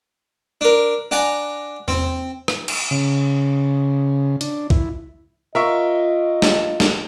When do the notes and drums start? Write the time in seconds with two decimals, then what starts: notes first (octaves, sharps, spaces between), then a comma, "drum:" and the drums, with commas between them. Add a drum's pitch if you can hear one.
0.61 D4 A#4
1.11 D4 F#5 G#5 A#5
1.88 C4, drum: tom E2
2.48 drum: rim click
2.68 drum: cymbal
2.91 C#3
4.41 D4, drum: hi-hat
4.70 E4, drum: kick
5.55 F4 A#4 D#5 E5 C#6
6.42 drum: snare
6.80 drum: snare